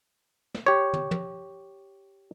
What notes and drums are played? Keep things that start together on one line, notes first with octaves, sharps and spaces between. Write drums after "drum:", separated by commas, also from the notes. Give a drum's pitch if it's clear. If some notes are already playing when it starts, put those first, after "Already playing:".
drum: snare
G4 C#5
drum: tom
drum: tom